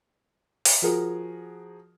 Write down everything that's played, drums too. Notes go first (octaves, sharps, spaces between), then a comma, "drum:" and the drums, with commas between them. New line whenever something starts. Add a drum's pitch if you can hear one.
drum: open hi-hat
F3 F4 F#4 G#4 A#4